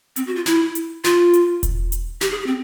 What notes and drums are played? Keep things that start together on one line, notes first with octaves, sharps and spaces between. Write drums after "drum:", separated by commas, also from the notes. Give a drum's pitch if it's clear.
C4, drum: hi-hat
F#4
F4
E4, drum: snare
drum: hi-hat
F4, drum: snare
drum: hi-hat
drum: kick E1, hi-hat
drum: hi-hat
G4, drum: snare
G#4
G4
C4